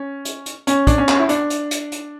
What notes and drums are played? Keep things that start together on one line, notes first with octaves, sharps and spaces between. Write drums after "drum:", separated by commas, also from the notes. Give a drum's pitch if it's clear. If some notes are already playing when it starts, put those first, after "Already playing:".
Already playing: C#4
drum: hi-hat
drum: hi-hat
C#4, drum: hi-hat
D4, drum: kick, hi-hat
C#4
C#4, drum: clap
E4
D4, drum: hi-hat
drum: hi-hat
drum: hi-hat
drum: hi-hat